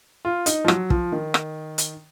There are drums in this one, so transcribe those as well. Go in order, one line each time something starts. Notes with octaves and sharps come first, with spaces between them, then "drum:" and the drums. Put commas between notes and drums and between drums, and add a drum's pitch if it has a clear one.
F4
D#4, drum: hi-hat
F3
F#3, drum: rim click
F3, drum: kick
D#3
drum: rim click
drum: hi-hat